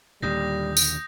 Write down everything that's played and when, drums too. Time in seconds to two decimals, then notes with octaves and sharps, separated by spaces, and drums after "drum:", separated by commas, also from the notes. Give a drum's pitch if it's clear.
0.22 D#2 A#2 D3 G3 D#6 G6 A#6
0.77 drum: tambourine